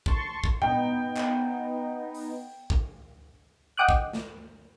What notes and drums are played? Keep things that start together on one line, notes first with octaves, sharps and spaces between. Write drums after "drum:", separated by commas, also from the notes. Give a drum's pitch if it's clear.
A5 C6 C#6, drum: kick
drum: kick
B3 D#4 G5, drum: tom A#2
drum: clap
drum: open hi-hat
drum: kick
D#5 F#5 G5 D6 D#6 F#6
drum: kick
drum: snare